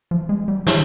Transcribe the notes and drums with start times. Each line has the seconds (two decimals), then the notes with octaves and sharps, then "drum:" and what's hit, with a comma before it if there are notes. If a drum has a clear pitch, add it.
0.11 F3
0.29 G#3
0.48 G3
0.67 D#3, drum: snare